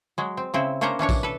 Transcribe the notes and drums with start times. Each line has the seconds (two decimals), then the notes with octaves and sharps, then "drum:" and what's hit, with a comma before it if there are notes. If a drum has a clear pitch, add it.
0.18 F#3 G#3
0.37 C4
0.54 C#3 C4 E4
0.81 A#3 C#4 D4 C5 C#5 A#5
0.99 E3 C#4 D4 C#5
1.09 drum: kick A#1, tambourine
1.23 A4 B4